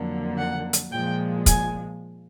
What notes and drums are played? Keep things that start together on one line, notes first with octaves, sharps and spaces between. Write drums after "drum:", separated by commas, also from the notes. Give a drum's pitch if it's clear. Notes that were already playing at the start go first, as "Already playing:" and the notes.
Already playing: F2 D3 F#3 A#3
F#5
drum: hi-hat
A#2 F3 G#3 G5
G#5, drum: kick, hi-hat